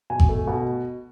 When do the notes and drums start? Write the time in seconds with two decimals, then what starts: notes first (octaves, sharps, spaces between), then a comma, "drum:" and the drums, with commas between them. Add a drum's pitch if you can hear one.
0.10 B2 G#5
0.19 drum: kick G#1
0.29 A3
0.47 B2